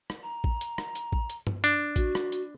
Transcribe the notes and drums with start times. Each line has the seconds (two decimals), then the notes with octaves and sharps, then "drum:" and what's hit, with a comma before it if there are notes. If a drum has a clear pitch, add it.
0.10 drum: rim click
0.23 A#5
0.44 drum: kick A1
0.61 drum: hi-hat
0.78 drum: rim click
0.95 drum: hi-hat
1.12 drum: kick A1
1.30 drum: hi-hat
1.47 drum: tom G2
1.64 D4, drum: hi-hat
1.96 F#4, drum: kick A1, hi-hat
2.15 drum: rim click
2.32 drum: hi-hat